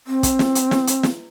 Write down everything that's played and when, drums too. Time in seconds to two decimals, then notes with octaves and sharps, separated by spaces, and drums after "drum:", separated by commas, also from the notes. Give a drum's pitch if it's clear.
0.07 C4
0.23 drum: kick, hi-hat
0.39 drum: snare
0.55 drum: hi-hat
0.71 drum: snare
0.87 drum: hi-hat
1.03 drum: snare